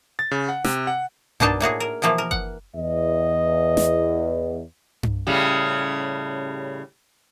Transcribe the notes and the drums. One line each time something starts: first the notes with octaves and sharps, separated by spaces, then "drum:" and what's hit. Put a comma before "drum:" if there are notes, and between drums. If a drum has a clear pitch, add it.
A6
C#3
F#5
C3, drum: snare
F#5
B2 A#3 D4 D#4 A5, drum: tom G2
A2 A#3 F#4 G#4
A#4
B2 E3 F3 A#3
A#4
F#5, drum: kick F#1
E2 D#5
drum: snare
drum: tom G2
A2 C#3 G3